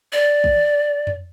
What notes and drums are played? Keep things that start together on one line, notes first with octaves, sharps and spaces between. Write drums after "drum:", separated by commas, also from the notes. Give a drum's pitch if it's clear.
D5
drum: kick
drum: tom F2